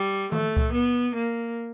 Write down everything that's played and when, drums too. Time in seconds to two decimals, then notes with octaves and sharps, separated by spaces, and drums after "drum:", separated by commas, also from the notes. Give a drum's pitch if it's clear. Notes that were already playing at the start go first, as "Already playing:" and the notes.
Already playing: G3
0.32 A3, drum: tom D#3
0.57 drum: kick C2
0.73 B3
1.15 A#3